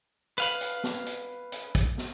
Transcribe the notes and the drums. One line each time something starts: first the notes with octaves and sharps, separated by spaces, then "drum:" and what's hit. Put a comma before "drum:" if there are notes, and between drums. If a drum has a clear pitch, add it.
B4 F5 B5, drum: hi-hat
drum: hi-hat
drum: snare
drum: hi-hat
drum: hi-hat
drum: kick, hi-hat
drum: snare